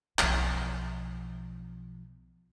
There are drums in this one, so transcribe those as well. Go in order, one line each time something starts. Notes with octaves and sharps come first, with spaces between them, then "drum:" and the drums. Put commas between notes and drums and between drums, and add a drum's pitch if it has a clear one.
B1 F3, drum: clap